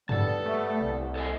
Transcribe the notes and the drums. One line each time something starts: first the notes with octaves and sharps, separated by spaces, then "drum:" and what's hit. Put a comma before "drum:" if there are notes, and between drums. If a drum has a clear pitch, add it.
G3 B3 A4 A5, drum: tom G2
A3
C2
A4 D#5 G#5